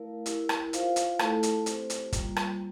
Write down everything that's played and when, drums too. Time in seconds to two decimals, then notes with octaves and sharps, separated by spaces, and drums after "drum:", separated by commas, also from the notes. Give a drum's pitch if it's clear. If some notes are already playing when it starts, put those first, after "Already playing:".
Already playing: A3 E4 A#4 D5 F5
0.26 E4 G4 A#4, drum: hi-hat
0.49 drum: rim click
0.73 F4 C5 F5, drum: hi-hat
0.96 drum: hi-hat
1.19 A3 E4 A4, drum: rim click
1.43 drum: hi-hat
1.66 C4 G4 C5, drum: hi-hat
1.90 drum: hi-hat
2.13 G3 A#3 F4, drum: kick G1, hi-hat
2.36 drum: rim click